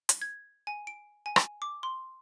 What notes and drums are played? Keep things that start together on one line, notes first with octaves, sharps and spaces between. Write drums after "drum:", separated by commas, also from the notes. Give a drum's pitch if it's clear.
drum: hi-hat
G#6
G#5
D7
G#5
drum: rim click
D6
C6